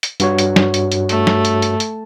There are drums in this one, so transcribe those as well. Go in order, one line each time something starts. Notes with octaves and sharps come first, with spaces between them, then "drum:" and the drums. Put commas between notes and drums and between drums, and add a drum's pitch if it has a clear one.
drum: hi-hat
G2 F#4 C#5, drum: hi-hat
drum: hi-hat
drum: snare
drum: hi-hat
drum: hi-hat
A3, drum: hi-hat
drum: snare
drum: hi-hat
drum: hi-hat
drum: hi-hat